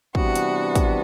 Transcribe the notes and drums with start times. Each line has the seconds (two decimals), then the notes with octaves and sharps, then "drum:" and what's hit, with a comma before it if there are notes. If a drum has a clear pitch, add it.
0.15 C3 E3 G3 B3 D4 F#4, drum: kick
0.35 drum: hi-hat
0.75 drum: kick, hi-hat